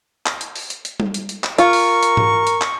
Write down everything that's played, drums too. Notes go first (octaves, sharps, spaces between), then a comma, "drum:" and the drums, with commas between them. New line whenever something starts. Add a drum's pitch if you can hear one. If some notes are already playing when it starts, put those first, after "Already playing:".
drum: clap
drum: hi-hat
drum: open hi-hat
drum: hi-hat
drum: hi-hat
drum: tom G3
drum: hi-hat
drum: hi-hat
drum: clap
F4 A#4 C#6, drum: hi-hat
drum: open hi-hat
drum: hi-hat
drum: tom G#2
drum: hi-hat
drum: clap